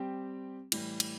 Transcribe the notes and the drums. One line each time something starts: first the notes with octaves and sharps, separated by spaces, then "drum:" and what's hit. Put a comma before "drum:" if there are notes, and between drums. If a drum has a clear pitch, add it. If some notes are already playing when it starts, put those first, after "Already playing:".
Already playing: G3 C4 G4
A2 E3 G3, drum: cymbal
drum: cymbal